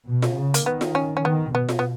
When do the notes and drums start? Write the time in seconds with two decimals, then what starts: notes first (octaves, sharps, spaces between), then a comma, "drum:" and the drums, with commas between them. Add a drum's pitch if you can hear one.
0.08 B2
0.22 drum: snare F4
0.37 C#3
0.54 A#3, drum: hi-hat
0.66 D#3 B3
0.81 drum: snare F4
0.95 C#4
1.17 C#4
1.25 D#3 B3
1.54 B2 B3
1.69 drum: snare F4
1.79 B3